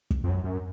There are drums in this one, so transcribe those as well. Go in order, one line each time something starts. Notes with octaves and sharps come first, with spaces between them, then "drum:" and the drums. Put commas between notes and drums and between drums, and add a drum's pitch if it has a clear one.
drum: kick
F2
F#2
F#2